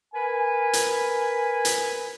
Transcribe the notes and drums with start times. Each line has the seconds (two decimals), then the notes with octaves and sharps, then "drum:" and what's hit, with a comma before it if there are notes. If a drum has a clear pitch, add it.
0.14 A#4 B4 G#5
0.73 drum: hi-hat
1.65 drum: hi-hat